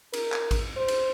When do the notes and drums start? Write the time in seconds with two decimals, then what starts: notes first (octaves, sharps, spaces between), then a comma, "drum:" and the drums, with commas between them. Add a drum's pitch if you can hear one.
0.13 A#4, drum: cymbal
0.32 drum: clap
0.51 drum: kick A1, cymbal
0.77 C5
0.88 drum: cymbal